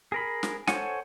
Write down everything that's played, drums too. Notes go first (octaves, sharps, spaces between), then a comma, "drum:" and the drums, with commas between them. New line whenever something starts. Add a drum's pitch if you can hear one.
G#4 A#4 B5
drum: snare
A4 C5 C#5 F#5 G#5, drum: snare